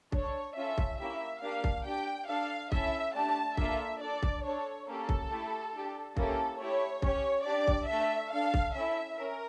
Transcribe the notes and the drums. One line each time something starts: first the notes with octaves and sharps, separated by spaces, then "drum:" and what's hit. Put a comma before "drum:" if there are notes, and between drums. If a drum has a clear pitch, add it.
D4 A4 C#5, drum: kick
C#4 F4 A4 E5
drum: kick
A#3 C#4 E4 G4 E5
A#3 D4 G4 F5
drum: kick
D4 G4 G5
D4 A4 F5
C#4 E4 A4 E5, drum: kick
A3 D4 G4 A5
A#3 D4 F4 A4 E5, drum: kick
D4 A4 D5
drum: kick
D4 A4 C#5
A#3 C#4 G4 A4
drum: kick
A3 E4 G4
D4 G4
A#3 C#4 E4 G4 A4, drum: kick
A3 E4 G4 C#5
C#4 G4 C#5, drum: kick
D4 G4 D5
drum: kick
A3 D4 A4 E5
D4 A4 F5
drum: kick
C#4 E4 A4 E5
C#4 A#4